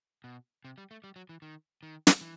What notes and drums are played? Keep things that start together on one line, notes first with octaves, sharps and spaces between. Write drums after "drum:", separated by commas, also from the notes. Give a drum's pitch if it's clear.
B2
C3
G3
A3
G3
F#3
E3
D#3
D#3
drum: snare
E3